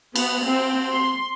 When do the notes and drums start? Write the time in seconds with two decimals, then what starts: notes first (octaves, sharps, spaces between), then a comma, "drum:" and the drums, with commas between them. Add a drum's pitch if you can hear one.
0.16 B3, drum: cymbal
0.46 C4
0.93 C6